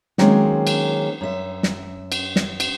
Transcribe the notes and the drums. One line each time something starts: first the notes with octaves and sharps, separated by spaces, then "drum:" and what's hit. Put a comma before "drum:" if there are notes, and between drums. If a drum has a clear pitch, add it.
D#3 F#3 G#3 A#3 C4 C#4, drum: snare
drum: cymbal
F#2 E5
drum: snare
drum: cymbal
drum: snare
drum: cymbal